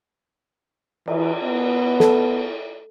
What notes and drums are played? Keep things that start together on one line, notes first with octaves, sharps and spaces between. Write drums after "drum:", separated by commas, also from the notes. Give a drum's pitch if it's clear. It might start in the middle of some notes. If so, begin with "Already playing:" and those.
E3, drum: cymbal
B3
A4, drum: snare